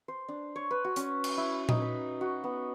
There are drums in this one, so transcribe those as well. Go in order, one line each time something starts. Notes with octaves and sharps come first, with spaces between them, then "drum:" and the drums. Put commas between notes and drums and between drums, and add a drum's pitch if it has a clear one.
C5
D4
C#5
B4
F#4
C#4, drum: hi-hat
drum: cymbal
E4
D#4, drum: tom A#2
B5
F#4
B3